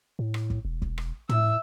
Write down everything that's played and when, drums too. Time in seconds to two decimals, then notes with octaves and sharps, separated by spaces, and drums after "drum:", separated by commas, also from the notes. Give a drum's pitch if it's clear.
0.19 A2
0.34 drum: rim click
0.50 drum: kick
0.65 E1
0.82 drum: kick
0.98 drum: rim click
1.29 A2 E5 E6, drum: tom